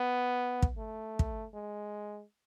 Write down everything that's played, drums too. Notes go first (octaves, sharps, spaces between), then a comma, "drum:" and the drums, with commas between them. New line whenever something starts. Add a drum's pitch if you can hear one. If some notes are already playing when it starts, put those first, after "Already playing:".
Already playing: B3
drum: kick
A3
drum: kick
G#3